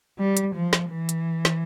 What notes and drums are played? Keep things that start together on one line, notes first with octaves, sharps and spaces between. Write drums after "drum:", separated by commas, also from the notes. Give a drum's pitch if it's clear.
G3
drum: hi-hat
F3
drum: snare
E3
drum: hi-hat
drum: snare